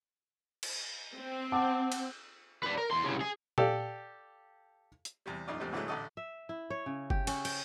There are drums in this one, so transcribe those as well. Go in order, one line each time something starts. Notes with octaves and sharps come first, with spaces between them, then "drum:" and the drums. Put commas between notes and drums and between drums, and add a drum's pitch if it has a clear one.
drum: cymbal
C4
F#5 A5 D6
drum: cymbal
B4 D5
A#4
E2 C6
C2 C#3
G#4
G4 A4 D5 F5, drum: tom A#2
drum: hi-hat
E2 C3 G3
A#1 F#2 D#4 F4 D5
E2 G#2 C3 G3 A3 C4
A#2 D3 E3 F#3 G#3 A3
A1 D3 A3 A4 D#5
E5
E4
C#5
C#3
G4, drum: kick G1
C#4, drum: cymbal
G5, drum: cymbal